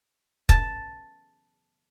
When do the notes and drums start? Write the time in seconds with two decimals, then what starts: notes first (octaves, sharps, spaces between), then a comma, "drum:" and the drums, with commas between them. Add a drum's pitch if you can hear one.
0.49 A5, drum: kick